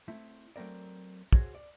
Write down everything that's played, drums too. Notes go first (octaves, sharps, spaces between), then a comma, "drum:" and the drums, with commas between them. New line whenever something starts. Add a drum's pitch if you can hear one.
A3 C4 E4
F#3 A3 C4 A#4 D5
F#4 G#4 C5 C#5, drum: kick
D5